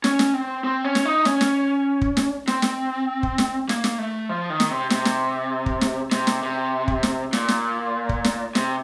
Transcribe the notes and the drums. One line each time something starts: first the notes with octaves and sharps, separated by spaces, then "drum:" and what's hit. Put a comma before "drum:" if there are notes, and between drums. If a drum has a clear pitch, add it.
C#4, drum: snare
drum: snare
C4
C4
C#4
drum: snare
D#4
C#4, drum: snare
drum: snare
drum: kick
drum: snare
C4, drum: snare
drum: snare
drum: kick
drum: snare
A#3, drum: snare
drum: snare
A3
F3
D#3
drum: snare
C3
C3, drum: snare
drum: snare
drum: kick
drum: snare
C3, drum: snare
drum: snare
C3
drum: kick
drum: snare
A#2, drum: snare
drum: snare
drum: kick
drum: snare
C3, drum: snare